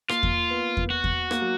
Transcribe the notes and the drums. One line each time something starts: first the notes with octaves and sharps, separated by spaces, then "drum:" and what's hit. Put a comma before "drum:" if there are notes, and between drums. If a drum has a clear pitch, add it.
A#3 F4, drum: rim click
drum: kick E2
B3
drum: kick E2
F#4
drum: kick E2
A#3, drum: rim click
F#3